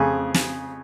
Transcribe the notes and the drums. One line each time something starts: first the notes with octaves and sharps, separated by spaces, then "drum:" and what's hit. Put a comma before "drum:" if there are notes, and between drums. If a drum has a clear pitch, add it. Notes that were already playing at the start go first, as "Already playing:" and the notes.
Already playing: F2 C#3 G#4
drum: snare